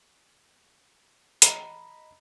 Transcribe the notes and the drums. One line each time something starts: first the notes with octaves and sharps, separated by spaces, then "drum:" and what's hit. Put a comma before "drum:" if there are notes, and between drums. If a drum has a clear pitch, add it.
D#5 A#5 B5, drum: hi-hat